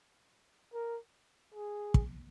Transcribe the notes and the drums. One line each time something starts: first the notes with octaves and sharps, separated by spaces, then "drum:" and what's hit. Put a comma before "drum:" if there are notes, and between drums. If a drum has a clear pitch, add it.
A#4
G#4
drum: kick